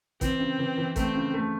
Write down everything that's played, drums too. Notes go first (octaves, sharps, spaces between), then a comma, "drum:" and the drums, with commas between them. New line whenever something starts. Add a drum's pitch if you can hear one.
E3 C4, drum: kick G#1, hi-hat
C#3
E3
E3
A3 C4, drum: kick G#1, hi-hat
C#3
A3